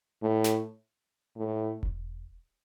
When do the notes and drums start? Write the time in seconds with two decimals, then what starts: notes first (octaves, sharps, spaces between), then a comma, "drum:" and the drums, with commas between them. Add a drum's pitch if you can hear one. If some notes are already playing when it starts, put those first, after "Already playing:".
0.23 A2
0.44 drum: snare
1.37 A2
1.83 drum: kick E1